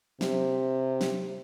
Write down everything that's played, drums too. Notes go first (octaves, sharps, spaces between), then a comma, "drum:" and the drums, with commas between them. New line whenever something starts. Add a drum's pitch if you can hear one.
C3, drum: snare
drum: snare